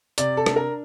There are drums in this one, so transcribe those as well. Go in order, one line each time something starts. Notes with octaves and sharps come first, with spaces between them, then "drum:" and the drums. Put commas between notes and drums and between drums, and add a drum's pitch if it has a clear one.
C3 D5, drum: hi-hat
A4
D4, drum: rim click
A#4